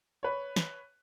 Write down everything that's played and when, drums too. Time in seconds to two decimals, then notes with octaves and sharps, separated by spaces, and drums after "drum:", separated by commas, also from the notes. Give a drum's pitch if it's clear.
0.23 B4 C#5
0.56 drum: snare